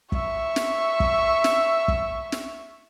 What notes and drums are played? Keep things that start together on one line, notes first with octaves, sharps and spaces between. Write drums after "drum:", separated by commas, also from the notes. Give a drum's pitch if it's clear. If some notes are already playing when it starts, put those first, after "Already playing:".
E5 C#6, drum: kick
drum: snare
drum: kick
drum: snare
drum: kick
drum: snare